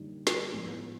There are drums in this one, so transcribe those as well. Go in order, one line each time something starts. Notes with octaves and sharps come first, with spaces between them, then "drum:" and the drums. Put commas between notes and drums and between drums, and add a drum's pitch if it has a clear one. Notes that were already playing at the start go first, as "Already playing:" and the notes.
Already playing: F#2 D3 G3 A#3 D#4
drum: snare
A2 F3 G#3 B3